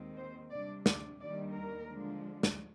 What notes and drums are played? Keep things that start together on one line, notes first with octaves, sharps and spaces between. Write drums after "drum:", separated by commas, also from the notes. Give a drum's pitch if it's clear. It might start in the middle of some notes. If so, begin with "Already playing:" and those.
Already playing: D#2 D#3 G#3 C4
C5
C3 G3 D4 D5
D5, drum: snare
D#2 D#3 G3 D4 D5
A#4
D3 F3 G#3 D4
drum: snare